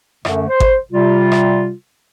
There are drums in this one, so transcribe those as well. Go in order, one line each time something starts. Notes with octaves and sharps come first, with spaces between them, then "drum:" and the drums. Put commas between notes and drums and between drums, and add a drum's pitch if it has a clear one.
F#2 D3 A3, drum: rim click
C5
drum: kick G#1
C3 G3 F4
drum: rim click